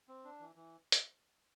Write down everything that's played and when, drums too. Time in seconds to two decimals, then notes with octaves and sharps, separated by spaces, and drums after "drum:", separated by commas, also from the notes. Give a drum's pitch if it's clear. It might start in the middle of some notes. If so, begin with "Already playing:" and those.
0.08 C4
0.24 D4
0.40 E3
0.55 E3
0.92 drum: hi-hat